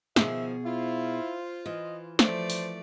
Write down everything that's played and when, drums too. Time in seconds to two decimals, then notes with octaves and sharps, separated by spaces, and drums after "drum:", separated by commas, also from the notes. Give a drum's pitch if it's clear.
0.16 B2 D#3 F3 G#4 E5, drum: snare
0.65 E4 F4 C5
1.66 E3 D#5
2.19 F3 A3 C5 D5, drum: snare
2.50 drum: open hi-hat